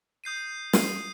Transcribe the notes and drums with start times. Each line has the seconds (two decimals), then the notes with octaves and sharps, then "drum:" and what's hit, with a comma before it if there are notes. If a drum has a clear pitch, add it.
0.24 D#6 G6 C7 D#7
0.73 D#6 G6 C7 D#7, drum: snare